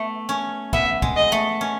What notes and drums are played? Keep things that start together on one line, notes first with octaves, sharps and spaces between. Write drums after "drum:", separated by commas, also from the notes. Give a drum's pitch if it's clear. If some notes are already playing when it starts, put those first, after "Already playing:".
Already playing: A3 B3
C#4
B3 E5, drum: kick
G#3, drum: kick
D#5
A3
C#4